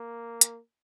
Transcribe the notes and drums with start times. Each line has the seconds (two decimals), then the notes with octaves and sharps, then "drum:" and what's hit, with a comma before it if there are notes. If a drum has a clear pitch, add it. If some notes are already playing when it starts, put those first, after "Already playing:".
Already playing: A#3
0.41 drum: hi-hat